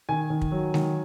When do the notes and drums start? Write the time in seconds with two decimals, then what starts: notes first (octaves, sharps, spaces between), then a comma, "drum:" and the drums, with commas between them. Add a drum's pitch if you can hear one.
0.09 D#3 G#5
0.30 D#3
0.41 drum: kick
0.52 F#3
0.74 D#3, drum: snare G#3